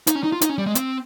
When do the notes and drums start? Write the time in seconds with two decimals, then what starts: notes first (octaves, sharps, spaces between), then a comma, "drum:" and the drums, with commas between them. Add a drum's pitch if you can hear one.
0.07 D#4, drum: hi-hat
0.15 C#4
0.24 D#4
0.32 F4
0.41 D#4, drum: hi-hat
0.49 C#4
0.58 G3
0.67 G#3
0.75 C4, drum: hi-hat